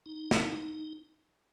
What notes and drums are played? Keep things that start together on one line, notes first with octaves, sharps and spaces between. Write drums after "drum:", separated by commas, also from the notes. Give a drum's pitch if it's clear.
D#4
drum: snare